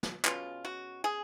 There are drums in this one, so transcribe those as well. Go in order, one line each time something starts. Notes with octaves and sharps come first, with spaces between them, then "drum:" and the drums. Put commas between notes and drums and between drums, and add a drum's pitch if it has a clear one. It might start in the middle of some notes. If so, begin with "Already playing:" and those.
drum: snare
B2 G#3 C#4 F4, drum: clap
F#4
G#4